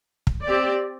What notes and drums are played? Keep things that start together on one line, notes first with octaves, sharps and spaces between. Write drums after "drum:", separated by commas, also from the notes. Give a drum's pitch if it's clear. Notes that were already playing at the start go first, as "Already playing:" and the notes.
drum: kick
C4 G4 D5